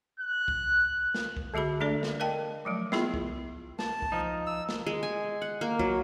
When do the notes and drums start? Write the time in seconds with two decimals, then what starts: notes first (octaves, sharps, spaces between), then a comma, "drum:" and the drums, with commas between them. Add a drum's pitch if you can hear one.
0.20 F#6
0.48 drum: kick
1.14 drum: snare
1.37 drum: kick
1.54 D3 G#3 F#4 G#4 B5
1.80 A3 D4 A4 D5
2.03 drum: snare
2.20 A#4 D#5 F5 G5 A5
2.65 F3 F#3 A3
2.92 G#3 B3 E4 F4 G#4, drum: snare
3.14 drum: kick
3.79 A5, drum: snare
4.02 drum: kick
4.12 F3 D#4
4.47 E6
4.69 drum: snare
4.87 G#3
5.03 G#5
5.42 F#5
5.61 A#3
5.79 F#3, drum: kick